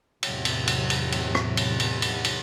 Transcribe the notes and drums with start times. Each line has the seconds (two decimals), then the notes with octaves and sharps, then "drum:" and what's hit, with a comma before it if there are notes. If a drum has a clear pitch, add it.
0.23 E2 A2 C3 F#3, drum: cymbal
0.45 drum: cymbal
0.68 drum: cymbal
0.90 drum: cymbal
1.12 drum: cymbal
1.35 drum: rim click
1.57 drum: cymbal
1.80 drum: cymbal
2.02 drum: cymbal
2.24 drum: cymbal